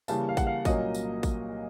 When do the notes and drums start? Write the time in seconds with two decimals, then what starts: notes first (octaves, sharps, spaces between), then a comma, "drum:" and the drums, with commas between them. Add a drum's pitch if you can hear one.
0.08 C#3 E3 G3 A#3 A5, drum: tambourine
0.29 F5
0.37 F#5, drum: kick, tambourine
0.47 F5
0.65 C2 A#2 F#3 A#3 C#4 D#5, drum: kick, tambourine
0.95 drum: tambourine
1.23 drum: kick, tambourine